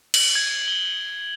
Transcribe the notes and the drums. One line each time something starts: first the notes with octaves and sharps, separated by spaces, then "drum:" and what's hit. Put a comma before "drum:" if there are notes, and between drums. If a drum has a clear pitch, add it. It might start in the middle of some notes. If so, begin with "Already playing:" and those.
F#7, drum: cymbal
G#6
G7